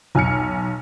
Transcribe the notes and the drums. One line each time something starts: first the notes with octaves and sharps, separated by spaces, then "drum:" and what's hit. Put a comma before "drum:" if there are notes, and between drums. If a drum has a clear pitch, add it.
B1 G#5 F6 C#7, drum: tom E2